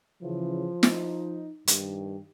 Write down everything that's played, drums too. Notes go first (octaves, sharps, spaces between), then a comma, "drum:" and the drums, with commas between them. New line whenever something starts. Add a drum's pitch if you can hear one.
C#3 E3 F3
D#4, drum: snare
G2 D#3, drum: hi-hat